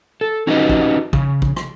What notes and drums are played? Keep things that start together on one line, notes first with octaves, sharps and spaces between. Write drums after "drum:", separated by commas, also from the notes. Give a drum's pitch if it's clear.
A4
C#4 D#4 F#4 G4 B4 D#5
drum: kick
C#3, drum: kick
drum: kick
drum: rim click